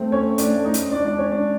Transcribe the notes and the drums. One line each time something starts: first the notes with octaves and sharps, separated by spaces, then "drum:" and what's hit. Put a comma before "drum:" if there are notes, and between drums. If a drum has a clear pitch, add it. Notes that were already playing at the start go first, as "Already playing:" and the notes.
Already playing: A3 C4 C5
C#4 C#5
D4 D5, drum: hi-hat
D#4 D#5
drum: hi-hat
G#3 D4 D5
D4 D5
C#4 C#5
D4 D5